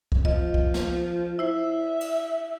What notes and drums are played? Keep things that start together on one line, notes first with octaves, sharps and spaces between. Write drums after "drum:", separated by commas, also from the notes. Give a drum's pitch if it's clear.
drum: kick
F3 D#5, drum: kick
drum: kick
drum: snare
E4 C5 E5
drum: cymbal